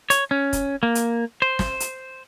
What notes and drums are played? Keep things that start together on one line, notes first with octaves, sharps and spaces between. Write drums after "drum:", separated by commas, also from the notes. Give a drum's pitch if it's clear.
C#5, drum: hi-hat
C#4
drum: kick, hi-hat
A#3
drum: hi-hat
C5
drum: snare
drum: hi-hat